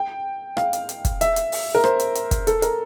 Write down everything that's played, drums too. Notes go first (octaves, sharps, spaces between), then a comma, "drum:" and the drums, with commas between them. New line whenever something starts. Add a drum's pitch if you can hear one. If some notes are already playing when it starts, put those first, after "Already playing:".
Already playing: G5
F5, drum: rim click
drum: hi-hat
drum: hi-hat
drum: kick, hi-hat
E5, drum: hi-hat
drum: hi-hat
drum: open hi-hat
A#4
C5, drum: rim click
drum: hi-hat
drum: hi-hat
drum: kick, hi-hat
A4, drum: hi-hat
A#4, drum: hi-hat